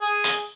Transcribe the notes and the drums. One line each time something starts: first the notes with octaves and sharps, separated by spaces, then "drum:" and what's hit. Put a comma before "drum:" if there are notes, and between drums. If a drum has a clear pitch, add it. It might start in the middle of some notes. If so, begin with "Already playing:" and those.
G#4
drum: hi-hat